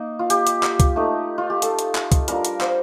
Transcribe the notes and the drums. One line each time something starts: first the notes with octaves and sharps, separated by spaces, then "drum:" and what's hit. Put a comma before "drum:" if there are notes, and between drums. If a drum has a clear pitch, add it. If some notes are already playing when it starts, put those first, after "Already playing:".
Already playing: A#3 D#4
F4
G4, drum: hi-hat
drum: hi-hat
drum: clap
drum: kick C2, hi-hat
A3 D#4
F4
G4
A4, drum: hi-hat
drum: hi-hat
drum: clap
drum: kick C2, hi-hat
G3 D4 F4 A#4, drum: hi-hat
drum: hi-hat
C5, drum: clap